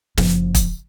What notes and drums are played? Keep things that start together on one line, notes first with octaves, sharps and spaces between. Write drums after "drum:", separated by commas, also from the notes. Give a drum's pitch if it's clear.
F#1 F3, drum: snare
drum: kick, hi-hat